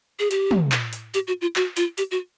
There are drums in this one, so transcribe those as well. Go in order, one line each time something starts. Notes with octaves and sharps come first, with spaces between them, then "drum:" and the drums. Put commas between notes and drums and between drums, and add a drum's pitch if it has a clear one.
G#4
G4, drum: hi-hat
drum: tom
drum: clap
drum: hi-hat
G4, drum: hi-hat
F#4
F4
F#4, drum: clap
F4, drum: hi-hat
G4, drum: hi-hat
F#4